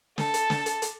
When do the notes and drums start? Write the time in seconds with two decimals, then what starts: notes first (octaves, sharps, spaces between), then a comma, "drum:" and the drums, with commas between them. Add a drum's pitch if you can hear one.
0.18 A4 A5, drum: snare
0.34 drum: hi-hat
0.50 drum: snare
0.66 drum: hi-hat
0.82 drum: hi-hat